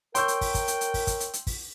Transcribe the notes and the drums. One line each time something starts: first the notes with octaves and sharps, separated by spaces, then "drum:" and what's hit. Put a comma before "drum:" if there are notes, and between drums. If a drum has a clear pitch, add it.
A#4 C#5 G5 C6 C#6 E6 G6, drum: hi-hat
drum: hi-hat
drum: kick, open hi-hat
drum: kick, hi-hat
drum: hi-hat
drum: hi-hat
drum: kick, open hi-hat
drum: kick, hi-hat
drum: hi-hat
drum: hi-hat
drum: kick, open hi-hat